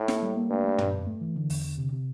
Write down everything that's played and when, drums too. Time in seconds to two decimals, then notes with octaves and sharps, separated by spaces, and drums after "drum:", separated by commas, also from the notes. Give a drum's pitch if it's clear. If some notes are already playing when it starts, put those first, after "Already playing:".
Already playing: A2
0.08 A#3, drum: snare
0.22 G3
0.37 A#3
0.50 G2 A3
0.64 A3
0.78 A#2, drum: tom
0.94 G2
1.07 A3
1.21 E3
1.36 D3
1.50 E2, drum: open hi-hat
1.64 D3
1.78 C3
1.92 C3